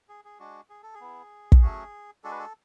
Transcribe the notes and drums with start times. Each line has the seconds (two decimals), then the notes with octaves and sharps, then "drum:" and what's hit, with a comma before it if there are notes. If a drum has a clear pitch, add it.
0.09 G#4
0.25 G#4
0.39 G#3 D4 F#4
0.70 G#4
0.83 A4
0.94 G#4
1.01 B3 E4
1.52 drum: kick
1.62 F#3 A3 C#4 F#4
2.24 G#3 D4 F#4 A4
2.31 B4
2.39 A4